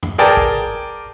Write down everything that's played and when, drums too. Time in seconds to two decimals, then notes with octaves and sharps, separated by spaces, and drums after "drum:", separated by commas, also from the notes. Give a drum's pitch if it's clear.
0.03 drum: tom
0.18 G#4 A#4 D5 G5 A5
0.37 drum: kick